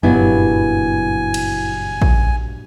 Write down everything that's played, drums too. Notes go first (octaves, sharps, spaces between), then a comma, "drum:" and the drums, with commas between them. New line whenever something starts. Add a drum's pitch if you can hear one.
F#1 G2 A#2 F#3 B3 E4 G#5
drum: cymbal
drum: kick A#1